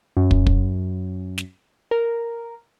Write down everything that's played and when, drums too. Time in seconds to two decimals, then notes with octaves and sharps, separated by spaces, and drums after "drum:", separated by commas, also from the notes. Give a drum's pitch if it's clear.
0.17 F#2
0.31 drum: kick
0.47 drum: kick
1.38 drum: snare
1.91 A#4